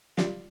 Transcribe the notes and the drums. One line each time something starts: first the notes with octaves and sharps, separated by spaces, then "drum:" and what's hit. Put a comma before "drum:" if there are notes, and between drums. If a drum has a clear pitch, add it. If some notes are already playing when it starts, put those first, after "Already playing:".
G3 D4 F4, drum: snare